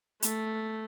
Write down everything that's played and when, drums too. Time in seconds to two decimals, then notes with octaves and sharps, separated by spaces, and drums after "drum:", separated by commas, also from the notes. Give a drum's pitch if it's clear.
0.22 A3, drum: hi-hat